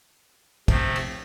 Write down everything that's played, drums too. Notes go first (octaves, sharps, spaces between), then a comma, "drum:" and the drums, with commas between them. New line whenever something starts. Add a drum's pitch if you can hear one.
C3 F3 A3 C4, drum: kick, cymbal
drum: cymbal